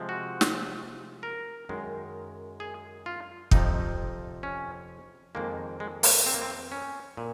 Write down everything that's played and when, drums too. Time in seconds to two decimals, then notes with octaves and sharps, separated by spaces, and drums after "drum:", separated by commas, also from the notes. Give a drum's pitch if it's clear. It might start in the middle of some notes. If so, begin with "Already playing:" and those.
Already playing: C3 F3 G#3
0.09 F#4
0.41 drum: snare
1.23 A#4
1.69 F#2 D#3 G#3
2.60 G#4
3.06 F4
3.51 F2 C3 F3 D#4, drum: kick
4.43 C#4
5.35 F2 D#3 G#3 A#3
5.80 G#3
6.03 A#3, drum: open hi-hat
6.26 C4
6.34 A#3
6.42 C4
6.72 C#4
7.17 A#2